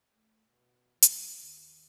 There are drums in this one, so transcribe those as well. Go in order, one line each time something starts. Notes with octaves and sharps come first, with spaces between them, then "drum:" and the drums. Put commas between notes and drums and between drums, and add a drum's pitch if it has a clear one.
A3
B2
F3, drum: hi-hat
D#2